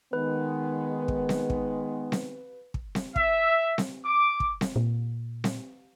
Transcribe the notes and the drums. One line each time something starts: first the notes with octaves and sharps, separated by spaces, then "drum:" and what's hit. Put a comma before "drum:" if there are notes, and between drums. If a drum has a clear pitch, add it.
D#3 G#3 B3 B4
drum: kick
drum: snare C4
drum: kick
drum: snare C4
drum: kick
drum: snare C4
E5, drum: kick
drum: snare C4
D6
drum: kick
drum: snare C4
A#2
drum: snare C4